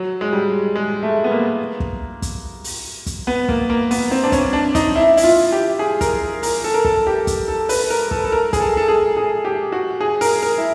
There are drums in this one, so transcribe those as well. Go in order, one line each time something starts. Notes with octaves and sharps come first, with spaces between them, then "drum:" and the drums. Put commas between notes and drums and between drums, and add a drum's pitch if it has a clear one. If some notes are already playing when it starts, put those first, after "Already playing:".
Already playing: F#3
G#3
G3
G#3
A3
B3
A#3
drum: kick
drum: kick, hi-hat
drum: open hi-hat
drum: kick, hi-hat
B3
A#3, drum: kick
A#3
B3, drum: open hi-hat
C4
D4
C#4, drum: kick, hi-hat
D4
D#4, drum: kick, hi-hat
E4
E4, drum: open hi-hat
F4
G4
G#4
A#4, drum: kick, hi-hat
A#4, drum: open hi-hat
A4
A#4
A4, drum: kick
G4
drum: kick, hi-hat
A4
B4, drum: open hi-hat
A#4
A4, drum: kick
A4
A#4
G#4, drum: kick, hi-hat
A4
A4
G#4
G#4
G4
F#4
G#4
A#4, drum: open hi-hat
A#4
E4